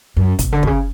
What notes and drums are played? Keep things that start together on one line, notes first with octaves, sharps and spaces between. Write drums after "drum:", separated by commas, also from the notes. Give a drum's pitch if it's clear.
F#2
B2, drum: kick, hi-hat
D3
B2, drum: kick
C#3